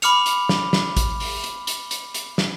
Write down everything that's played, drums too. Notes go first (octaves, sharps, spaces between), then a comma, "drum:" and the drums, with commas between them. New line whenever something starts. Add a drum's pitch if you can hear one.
B5 D6 F6 C#7 F7, drum: hi-hat
drum: hi-hat
drum: snare
drum: snare
drum: kick, hi-hat
drum: open hi-hat
drum: hi-hat
drum: hi-hat
drum: hi-hat
drum: hi-hat
drum: snare